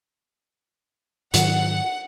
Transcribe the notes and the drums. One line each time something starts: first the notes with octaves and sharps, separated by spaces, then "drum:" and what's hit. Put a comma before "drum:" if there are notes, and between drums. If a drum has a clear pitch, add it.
G#2 D#3 F#3 F#5, drum: hi-hat